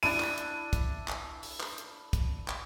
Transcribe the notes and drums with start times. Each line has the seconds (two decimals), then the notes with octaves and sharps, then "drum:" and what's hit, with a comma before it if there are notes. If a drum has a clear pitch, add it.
0.03 D4 E4 D#7, drum: open hi-hat
0.20 drum: clap
0.38 drum: hi-hat
0.73 drum: kick, hi-hat
1.08 drum: clap
1.43 drum: open hi-hat
1.60 drum: clap
1.78 drum: hi-hat
2.13 drum: kick, hi-hat
2.48 drum: clap